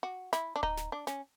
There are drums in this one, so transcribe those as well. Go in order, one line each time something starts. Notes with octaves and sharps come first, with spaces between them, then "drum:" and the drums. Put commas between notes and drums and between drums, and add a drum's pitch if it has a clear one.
F#4
E4, drum: snare
D4
D#4, drum: kick D1
drum: snare
D4
C#4, drum: snare